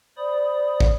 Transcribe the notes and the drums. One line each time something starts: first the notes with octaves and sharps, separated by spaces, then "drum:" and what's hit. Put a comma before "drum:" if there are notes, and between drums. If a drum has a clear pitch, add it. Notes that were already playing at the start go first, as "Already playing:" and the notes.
C5 D5 B5 D#6
drum: kick